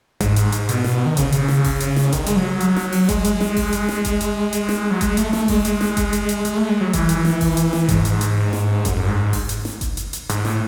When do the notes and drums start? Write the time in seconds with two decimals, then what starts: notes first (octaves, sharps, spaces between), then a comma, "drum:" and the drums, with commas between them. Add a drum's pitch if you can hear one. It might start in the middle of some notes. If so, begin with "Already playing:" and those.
0.20 G#2, drum: kick G1, hi-hat
0.36 drum: hi-hat
0.52 drum: hi-hat
0.69 B2, drum: hi-hat
0.84 drum: snare
1.06 D#3
1.17 C#3, drum: kick G1, hi-hat
1.32 drum: hi-hat
1.48 drum: snare
1.64 drum: kick G1, open hi-hat
1.80 drum: hi-hat
1.96 drum: snare
2.12 D#3, drum: kick G1, hi-hat
2.26 G#3, drum: hi-hat
2.36 F#3
2.60 drum: hi-hat
2.76 drum: snare
2.92 drum: open hi-hat
3.09 G#3, drum: kick G1, hi-hat
3.24 drum: hi-hat
3.41 drum: snare
3.57 drum: kick G1, open hi-hat
3.73 drum: hi-hat
3.89 drum: snare
4.05 drum: kick G1, hi-hat
4.21 drum: hi-hat
4.53 drum: hi-hat
4.69 drum: snare
4.91 F#3
5.01 G#3, drum: kick G1, hi-hat
5.17 A3, drum: hi-hat
5.33 A3, drum: snare
5.48 G#3, drum: kick G1, open hi-hat
5.65 drum: hi-hat
5.81 drum: snare
5.97 drum: kick G1, hi-hat
6.13 drum: hi-hat
6.29 drum: hi-hat
6.45 G#3, drum: hi-hat
6.57 A3
6.69 G#3
6.81 F#3
6.93 E3, drum: kick G1, hi-hat
7.09 drum: hi-hat
7.25 drum: snare
7.41 drum: kick G1, open hi-hat
7.57 drum: hi-hat
7.73 drum: snare
7.89 G#2, drum: kick G1, hi-hat
8.05 drum: hi-hat
8.21 drum: hi-hat
8.53 drum: snare
8.85 F#2, drum: kick G1, hi-hat
9.09 G#2
9.33 drum: kick G1, open hi-hat
9.49 drum: hi-hat
9.65 drum: snare
9.81 drum: kick G1, hi-hat
9.97 drum: hi-hat
10.13 drum: hi-hat
10.29 G#2, drum: hi-hat
10.45 A2, drum: snare